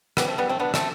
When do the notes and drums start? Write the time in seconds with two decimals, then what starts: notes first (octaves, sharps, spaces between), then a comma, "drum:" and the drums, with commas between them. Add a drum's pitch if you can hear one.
0.17 G3 B3, drum: rim click
0.28 A3 C4
0.38 G3 B3
0.49 A3 C4
0.60 B3 D4
0.74 A3 C4, drum: rim click